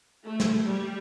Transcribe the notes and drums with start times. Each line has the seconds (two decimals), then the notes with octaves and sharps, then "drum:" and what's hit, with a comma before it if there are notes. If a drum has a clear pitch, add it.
0.25 A3
0.40 drum: snare
0.65 G3